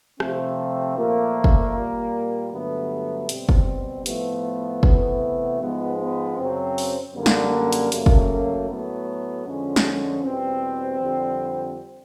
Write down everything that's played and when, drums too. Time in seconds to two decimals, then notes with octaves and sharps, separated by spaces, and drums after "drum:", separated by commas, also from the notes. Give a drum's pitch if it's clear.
0.20 C3 F3 A3 C4, drum: rim click
0.97 A#2 F3 A3 A#3
1.44 drum: kick
1.74 A#2 G3
2.51 G2 D3 F#3 A3 B3
3.29 B2 G3 C4, drum: hi-hat
3.49 drum: kick
4.06 A2 F3 A3 B3, drum: hi-hat
4.83 C3 E3 A3, drum: kick
5.60 G#2 F3 G#3 B3
5.99 B3
6.38 F#2 C#3 F#3 C4
6.78 drum: open hi-hat
7.15 F#2 D3 G3 A#3
7.26 drum: snare
7.73 drum: hi-hat
7.92 F#2 C#3 F#3 A3 A#3, drum: hi-hat
8.06 drum: kick
8.69 A2 F#3 A3 B3
9.46 F2 D3 F3 G#3 C#4
9.76 drum: snare
10.23 E2 B2 G3 C4
11.00 F2 D3 G3